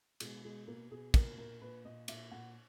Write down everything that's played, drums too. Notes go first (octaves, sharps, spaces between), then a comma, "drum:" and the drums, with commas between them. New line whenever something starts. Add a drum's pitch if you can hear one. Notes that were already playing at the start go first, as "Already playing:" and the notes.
B2 G#3, drum: cymbal
B2 G#3
B2 A#3
B2 G#4
A#2 A#4, drum: kick, cymbal
A#2 A#4
A#2 B4
A#2 D#5
A#2 E5, drum: cymbal
A#2 F#5